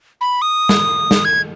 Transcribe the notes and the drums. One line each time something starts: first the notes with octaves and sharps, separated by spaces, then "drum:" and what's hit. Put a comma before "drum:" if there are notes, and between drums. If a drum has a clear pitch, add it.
B5
D#6
drum: snare
drum: snare
G#6